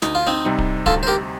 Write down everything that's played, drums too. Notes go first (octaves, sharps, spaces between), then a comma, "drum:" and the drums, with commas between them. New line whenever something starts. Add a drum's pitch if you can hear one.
D2 D#4, drum: snare
F4
C4 D#4
C3 G3 C4 D#4
drum: kick D1
D2 F4 A4, drum: kick D1
C5
G4 A#4